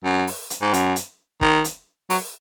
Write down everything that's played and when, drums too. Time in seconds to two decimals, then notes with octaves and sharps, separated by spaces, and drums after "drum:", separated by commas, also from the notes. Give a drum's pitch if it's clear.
0.04 F#2
0.27 drum: open hi-hat
0.50 drum: hi-hat
0.62 G#2
0.73 F#2, drum: hi-hat
0.96 drum: hi-hat
1.41 D#3, drum: kick
1.64 drum: hi-hat
2.10 F#3, drum: open hi-hat